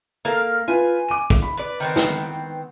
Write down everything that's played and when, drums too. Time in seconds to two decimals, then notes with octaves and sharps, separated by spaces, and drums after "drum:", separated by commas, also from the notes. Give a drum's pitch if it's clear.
0.25 A#3 A4 A#4 F5
0.68 F4 B4 G#5
1.08 D6 D#7
1.30 drum: kick
1.42 B5
1.57 B4 D5
1.80 D#3 B3 C4
1.96 drum: snare